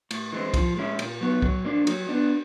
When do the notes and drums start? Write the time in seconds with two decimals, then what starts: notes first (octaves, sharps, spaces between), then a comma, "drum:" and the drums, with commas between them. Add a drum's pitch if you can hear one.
0.11 A2, drum: cymbal
0.32 E3 G#3 C4
0.54 F3, drum: kick, cymbal
0.77 G#3 C#4 E4
0.99 A#2, drum: cymbal
1.21 F#3 B3
1.42 F#3, drum: kick
1.65 A#3 D4
1.87 F#3, drum: cymbal
2.09 B3 D4